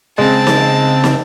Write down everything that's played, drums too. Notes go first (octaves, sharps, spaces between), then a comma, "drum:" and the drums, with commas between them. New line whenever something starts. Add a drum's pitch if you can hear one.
C#3 G#3 C4 A5
drum: snare
drum: snare